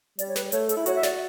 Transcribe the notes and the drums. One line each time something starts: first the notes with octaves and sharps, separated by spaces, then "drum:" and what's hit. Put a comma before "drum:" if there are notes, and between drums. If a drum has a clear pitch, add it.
G3 D5, drum: hi-hat
C#5
B4, drum: snare
A3 C#5, drum: hi-hat
A4, drum: hi-hat
E4
F#4 C#5, drum: hi-hat
E5
D5, drum: snare